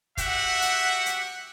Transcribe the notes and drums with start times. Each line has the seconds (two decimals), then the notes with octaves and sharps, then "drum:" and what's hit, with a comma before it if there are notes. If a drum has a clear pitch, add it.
0.17 F#4 G4 E5 F#5, drum: kick, hi-hat
0.62 drum: hi-hat
1.06 drum: hi-hat